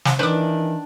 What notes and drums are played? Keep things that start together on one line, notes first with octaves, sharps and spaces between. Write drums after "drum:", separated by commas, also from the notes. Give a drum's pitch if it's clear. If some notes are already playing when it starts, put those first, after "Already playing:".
drum: snare
D#3 E3 D4 B4 D6